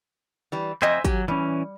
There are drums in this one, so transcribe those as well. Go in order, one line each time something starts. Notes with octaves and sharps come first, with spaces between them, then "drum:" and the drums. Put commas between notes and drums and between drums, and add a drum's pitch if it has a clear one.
E3 G3
F2 C5 D#5 E5 G5 G#5, drum: clap
F#3 G4 G#5, drum: kick, hi-hat
E3 G3 C#4